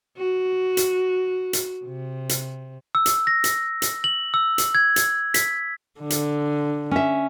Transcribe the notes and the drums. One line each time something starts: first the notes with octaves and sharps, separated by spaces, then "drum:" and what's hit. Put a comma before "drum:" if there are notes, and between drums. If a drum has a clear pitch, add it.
F#4
drum: hi-hat
drum: hi-hat
C3
drum: hi-hat
E6
drum: hi-hat
A#6
drum: hi-hat
drum: hi-hat
F#7
E6
drum: hi-hat
G#6
drum: hi-hat
B6, drum: hi-hat
D3
drum: hi-hat
C#4 E5